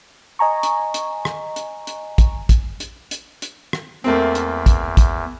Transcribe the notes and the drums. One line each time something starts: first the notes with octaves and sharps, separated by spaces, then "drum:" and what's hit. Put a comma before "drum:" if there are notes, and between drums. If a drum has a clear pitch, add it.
D#5 G#5 A#5 C#6
drum: hi-hat
drum: hi-hat
drum: rim click
drum: hi-hat
drum: hi-hat
drum: kick, hi-hat
drum: kick, hi-hat
drum: hi-hat
drum: hi-hat
drum: hi-hat
drum: rim click
E2 A3 A#3 C4
drum: hi-hat
drum: kick, hi-hat
drum: kick, hi-hat